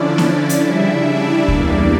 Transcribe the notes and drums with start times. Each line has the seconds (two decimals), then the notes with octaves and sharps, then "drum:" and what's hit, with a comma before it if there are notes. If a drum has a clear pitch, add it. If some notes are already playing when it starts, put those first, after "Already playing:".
Already playing: D3 F3 C#4 D4 E4 D5
0.18 drum: snare
0.49 drum: hi-hat
0.62 C#3 G3 D4 E4 E5
1.06 D4 D5
1.48 E2 E3 G3 A#3 D4, drum: kick C#2